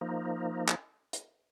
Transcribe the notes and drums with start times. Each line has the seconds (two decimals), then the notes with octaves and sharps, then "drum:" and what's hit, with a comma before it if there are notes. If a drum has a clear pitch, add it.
0.01 F3 A#3 D#4
0.68 drum: clap
1.13 drum: hi-hat